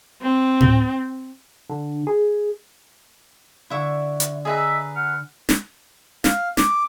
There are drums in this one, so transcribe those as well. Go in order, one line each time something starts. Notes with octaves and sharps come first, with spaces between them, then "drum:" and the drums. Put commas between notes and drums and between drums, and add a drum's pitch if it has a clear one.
C4
drum: tom A2
D3
G#4
D3 E4 E5 C#6
drum: hi-hat
G#4 B4 D#5 E5 A#5 B5 F#6
F#5 F6
drum: snare
F5, drum: snare
D6, drum: snare